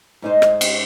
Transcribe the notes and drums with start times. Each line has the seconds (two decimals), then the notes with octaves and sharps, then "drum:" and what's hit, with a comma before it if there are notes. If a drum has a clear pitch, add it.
0.22 G#2 G#3 D#4 C5
0.42 drum: rim click
0.61 drum: cymbal